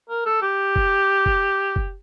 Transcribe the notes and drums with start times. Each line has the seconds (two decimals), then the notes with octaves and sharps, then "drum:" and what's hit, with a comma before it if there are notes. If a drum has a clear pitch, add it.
0.09 A#4
0.26 A4
0.42 G4
0.76 drum: kick
1.26 drum: kick
1.76 drum: kick